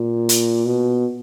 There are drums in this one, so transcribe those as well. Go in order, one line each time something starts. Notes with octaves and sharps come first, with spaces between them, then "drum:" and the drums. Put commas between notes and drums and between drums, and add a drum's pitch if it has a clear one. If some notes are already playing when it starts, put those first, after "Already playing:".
Already playing: A#2
drum: hi-hat
B2